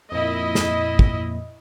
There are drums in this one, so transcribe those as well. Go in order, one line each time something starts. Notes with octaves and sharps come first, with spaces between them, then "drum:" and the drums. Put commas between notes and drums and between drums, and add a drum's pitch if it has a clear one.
F2 A#2 E4 D#5
drum: snare
drum: kick